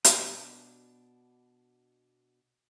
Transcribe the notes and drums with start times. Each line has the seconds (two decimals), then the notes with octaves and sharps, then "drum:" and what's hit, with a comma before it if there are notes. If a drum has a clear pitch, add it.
0.04 B2 D4, drum: hi-hat